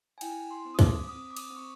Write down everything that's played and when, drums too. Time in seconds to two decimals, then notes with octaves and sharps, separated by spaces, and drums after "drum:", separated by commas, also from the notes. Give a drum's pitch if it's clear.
0.18 G#5
0.21 E4 G5, drum: cymbal
0.51 C6
0.65 C4
0.74 D#6
0.79 D6, drum: kick, cymbal
1.08 C4 D#6
1.31 D6
1.37 D#6, drum: cymbal
1.50 C4
1.57 C#6